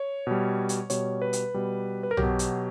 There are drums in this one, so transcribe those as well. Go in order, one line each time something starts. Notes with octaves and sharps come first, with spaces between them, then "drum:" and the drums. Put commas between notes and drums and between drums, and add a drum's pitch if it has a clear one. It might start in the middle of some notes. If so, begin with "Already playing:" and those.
Already playing: C#5
B2 G3
drum: hi-hat
B2 G3 C#5, drum: hi-hat
B4
drum: hi-hat
B2 G3
B4
A#4
F#3 G4, drum: tom
B2
drum: hi-hat